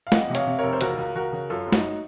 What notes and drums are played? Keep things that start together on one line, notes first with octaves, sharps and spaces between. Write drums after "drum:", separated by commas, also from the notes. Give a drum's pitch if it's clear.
F5
F2 D#5 F#5, drum: snare
C3
C#5 F5, drum: hi-hat
C3
A#4 C#5
F1
C5
C#2 F#4 A#4, drum: hi-hat
C#2
C#2 F#4 A#4
C#3
F#2 F4 A4
F#1
D#4 F#4, drum: snare